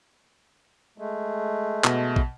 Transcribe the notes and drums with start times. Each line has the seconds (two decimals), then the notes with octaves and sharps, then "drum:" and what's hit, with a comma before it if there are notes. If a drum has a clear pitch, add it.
0.98 G#3 A3
1.84 B2, drum: clap
2.16 drum: kick